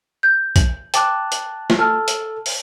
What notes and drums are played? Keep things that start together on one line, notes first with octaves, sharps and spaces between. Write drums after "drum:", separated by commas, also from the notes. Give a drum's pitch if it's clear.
G6
drum: kick A#1, hi-hat
G5 A5 D6 F#6, drum: hi-hat
drum: hi-hat
drum: snare
A4 A5 F6
drum: hi-hat
drum: open hi-hat